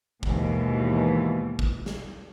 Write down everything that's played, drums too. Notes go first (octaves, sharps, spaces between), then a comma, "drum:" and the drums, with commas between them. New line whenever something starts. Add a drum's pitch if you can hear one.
D#2 G#2 B2 E3, drum: kick
drum: kick
drum: snare